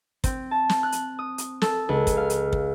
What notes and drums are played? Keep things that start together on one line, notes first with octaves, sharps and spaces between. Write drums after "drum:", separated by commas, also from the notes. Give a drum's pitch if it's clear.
C4, drum: kick, hi-hat
A5
drum: snare
F#6
drum: hi-hat
D#6
drum: hi-hat
A4, drum: snare
C#2
drum: kick, hi-hat
F5
drum: hi-hat
drum: kick